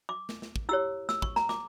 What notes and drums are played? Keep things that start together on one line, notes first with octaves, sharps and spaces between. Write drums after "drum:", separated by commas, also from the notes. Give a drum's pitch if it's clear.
D6
drum: snare
drum: snare
drum: kick
E4 G4 C#5 E6
E6, drum: snare
C#6, drum: kick
A#5, drum: snare
D6, drum: snare